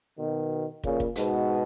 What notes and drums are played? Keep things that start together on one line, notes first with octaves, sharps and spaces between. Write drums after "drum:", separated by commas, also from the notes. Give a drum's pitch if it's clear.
B2 D#3
A#2 C#3, drum: kick
drum: kick
G#2 B2, drum: hi-hat